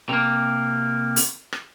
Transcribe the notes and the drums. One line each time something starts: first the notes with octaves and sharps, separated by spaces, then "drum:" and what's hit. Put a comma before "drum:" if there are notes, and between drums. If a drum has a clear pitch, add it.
C3 A#3
drum: open hi-hat
drum: rim click